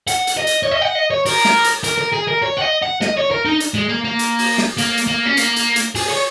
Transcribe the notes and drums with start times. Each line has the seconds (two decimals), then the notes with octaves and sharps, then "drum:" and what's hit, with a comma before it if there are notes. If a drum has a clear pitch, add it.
0.07 F#5, drum: hi-hat
0.27 drum: hi-hat
0.37 D#5
0.47 drum: hi-hat
0.63 C#5
0.71 D#5
0.81 F#5
0.95 D#5
1.10 C#5
1.26 A#4, drum: open hi-hat
1.45 drum: snare
1.64 drum: hi-hat
1.84 A#4, drum: hi-hat
1.98 A#4
2.13 G#4
2.28 A#4
2.43 C#5
2.57 F#5
2.62 D#5
2.82 F#5
3.01 D#5, drum: snare
3.17 C#5
3.31 A#4
3.45 D#4
3.60 drum: hi-hat
3.75 G#3
3.89 A#3
4.05 A#3
4.19 drum: hi-hat
4.39 drum: open hi-hat
4.58 drum: snare
4.78 A#3, drum: hi-hat
4.97 drum: hi-hat
5.07 A#3
5.26 C#4
5.37 A#3, drum: hi-hat
5.56 drum: hi-hat
5.76 drum: hi-hat
5.95 G#4, drum: open hi-hat
6.09 C#5